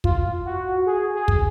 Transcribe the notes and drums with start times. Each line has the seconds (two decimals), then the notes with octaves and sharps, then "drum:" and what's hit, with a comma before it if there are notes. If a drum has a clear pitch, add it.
0.04 F4, drum: kick
0.45 F#4
0.86 G#4
1.15 G#4
1.28 drum: kick